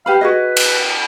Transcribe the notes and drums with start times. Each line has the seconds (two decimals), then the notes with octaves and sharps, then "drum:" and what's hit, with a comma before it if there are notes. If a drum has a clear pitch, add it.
0.06 G4 B4 F5 B5
0.21 F#4 G#4 B4 D#5
0.57 drum: cymbal